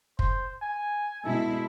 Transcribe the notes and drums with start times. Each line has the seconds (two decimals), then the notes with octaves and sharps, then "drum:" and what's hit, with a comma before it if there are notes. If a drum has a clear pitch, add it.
0.19 C5, drum: kick
0.62 G#5
1.24 B2 G#3 E4 A4